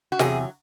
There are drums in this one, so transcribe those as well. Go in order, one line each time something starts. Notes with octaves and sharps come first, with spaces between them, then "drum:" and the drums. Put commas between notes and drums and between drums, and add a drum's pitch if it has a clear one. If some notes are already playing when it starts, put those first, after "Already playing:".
F#4
E2 C3 F#3 G#4, drum: snare